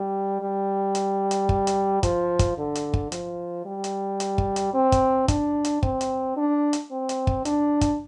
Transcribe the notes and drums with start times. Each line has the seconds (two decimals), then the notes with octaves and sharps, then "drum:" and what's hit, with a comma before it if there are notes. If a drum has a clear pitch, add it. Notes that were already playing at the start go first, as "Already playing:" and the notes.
Already playing: G3
0.41 G3
0.95 drum: hi-hat
1.31 drum: hi-hat
1.49 drum: kick
1.67 drum: hi-hat
2.03 F3, drum: kick, hi-hat
2.39 drum: kick, hi-hat
2.58 D3
2.75 drum: hi-hat
2.93 drum: kick
3.12 F3, drum: hi-hat
3.66 G3
3.84 drum: hi-hat
4.20 drum: hi-hat
4.38 drum: kick
4.56 drum: hi-hat
4.74 C4
4.92 drum: kick, hi-hat
5.28 D4, drum: kick, hi-hat
5.65 drum: hi-hat
5.83 C4, drum: kick
6.01 drum: hi-hat
6.37 D4
6.73 drum: hi-hat
6.91 C4
7.09 drum: hi-hat
7.27 drum: kick
7.45 D4, drum: hi-hat
7.81 drum: kick, hi-hat